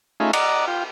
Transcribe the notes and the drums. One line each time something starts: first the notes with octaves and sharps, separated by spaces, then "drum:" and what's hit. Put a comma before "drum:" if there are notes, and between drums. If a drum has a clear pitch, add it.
A3 C#4 D#4 F4 G#4 E5
D5 D#5 F#5 A#5 D6, drum: cymbal
F4 G5